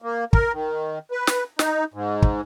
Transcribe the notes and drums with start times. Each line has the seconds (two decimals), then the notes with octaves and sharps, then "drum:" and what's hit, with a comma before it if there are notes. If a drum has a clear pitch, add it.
0.02 A#3
0.33 A#4, drum: kick
0.52 D#3
1.11 B4
1.27 drum: snare
1.59 D#4, drum: snare
1.94 G#2
2.22 drum: kick